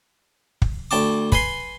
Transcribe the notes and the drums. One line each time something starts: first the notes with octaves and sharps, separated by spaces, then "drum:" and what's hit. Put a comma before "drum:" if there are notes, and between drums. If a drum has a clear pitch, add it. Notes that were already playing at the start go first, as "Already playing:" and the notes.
drum: kick
D2 G5 A5 D6
B4 G#5 C6, drum: kick